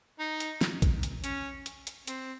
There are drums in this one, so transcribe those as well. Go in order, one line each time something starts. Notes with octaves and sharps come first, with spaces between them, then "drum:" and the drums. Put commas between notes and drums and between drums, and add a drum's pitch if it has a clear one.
D#4
drum: hi-hat
drum: snare
drum: kick, hi-hat
drum: hi-hat
C#4, drum: hi-hat
drum: hi-hat
drum: hi-hat
C4, drum: hi-hat